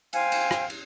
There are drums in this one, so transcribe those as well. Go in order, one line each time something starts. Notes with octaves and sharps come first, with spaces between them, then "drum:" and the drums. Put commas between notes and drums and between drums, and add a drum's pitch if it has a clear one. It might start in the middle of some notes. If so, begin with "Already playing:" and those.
C5 F5 G5 G#5, drum: cymbal
drum: cymbal
drum: rim click
drum: cymbal